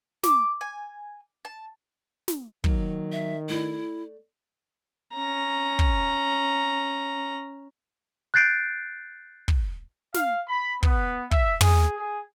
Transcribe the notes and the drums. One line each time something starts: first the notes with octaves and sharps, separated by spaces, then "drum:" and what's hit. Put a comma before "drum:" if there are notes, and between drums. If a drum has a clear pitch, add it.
D6, drum: snare
G#5
A5
drum: snare
D#3 F#3 A#3, drum: kick
E5
A3 E4 D5
C#4 A#5
drum: kick
F#6 G6 A6 C7 D7
drum: kick
F5, drum: snare
B5
B3, drum: kick
E5, drum: kick
G#4, drum: tom
G#4